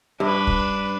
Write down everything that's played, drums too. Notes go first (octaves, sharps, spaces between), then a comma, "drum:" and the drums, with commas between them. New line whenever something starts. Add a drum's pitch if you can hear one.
G2 D4 B4
drum: kick